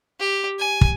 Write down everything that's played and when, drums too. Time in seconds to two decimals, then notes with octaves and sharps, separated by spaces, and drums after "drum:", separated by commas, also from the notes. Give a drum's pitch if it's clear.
0.20 G4
0.59 G#5
0.81 drum: kick